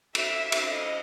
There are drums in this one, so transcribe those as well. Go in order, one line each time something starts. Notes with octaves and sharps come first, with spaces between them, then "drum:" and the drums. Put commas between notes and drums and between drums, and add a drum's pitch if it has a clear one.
E5, drum: cymbal
drum: cymbal
D#5